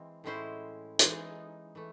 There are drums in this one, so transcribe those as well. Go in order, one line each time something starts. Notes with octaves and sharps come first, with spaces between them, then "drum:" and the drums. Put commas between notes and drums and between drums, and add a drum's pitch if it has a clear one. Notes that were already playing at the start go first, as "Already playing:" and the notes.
Already playing: E3 G#3 C4
A2 G#3 C#4 E4 C5
E3 G#3 D#4, drum: hi-hat
E3 A3